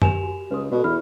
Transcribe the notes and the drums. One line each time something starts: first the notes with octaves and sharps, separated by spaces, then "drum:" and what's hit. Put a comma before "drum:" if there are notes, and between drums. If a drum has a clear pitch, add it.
G4 A#4 G#5 E7 F7, drum: tom F#2
F#4
C#2 B4 D#6
B2 F#4 A4 D5
E2 B5 F6